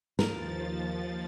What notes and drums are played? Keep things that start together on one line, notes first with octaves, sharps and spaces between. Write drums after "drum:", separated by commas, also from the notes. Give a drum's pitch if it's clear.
D#2 F3 A#4 A6, drum: snare